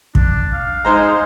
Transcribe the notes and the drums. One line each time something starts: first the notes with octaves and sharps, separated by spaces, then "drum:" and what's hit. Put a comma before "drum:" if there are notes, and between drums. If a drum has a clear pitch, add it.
D4, drum: kick
F5
G#3 D#4 C5 A#5